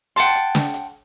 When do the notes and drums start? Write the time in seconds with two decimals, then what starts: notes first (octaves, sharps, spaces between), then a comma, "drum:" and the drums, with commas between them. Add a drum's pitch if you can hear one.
0.16 F#5 G5 A5 C6, drum: hi-hat
0.35 drum: hi-hat
0.55 drum: snare
0.74 drum: hi-hat